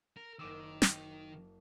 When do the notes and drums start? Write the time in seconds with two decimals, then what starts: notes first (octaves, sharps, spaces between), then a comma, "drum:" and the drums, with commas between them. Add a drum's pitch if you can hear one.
0.16 A#4
0.39 F#1 D#3 D6 E6
0.82 drum: snare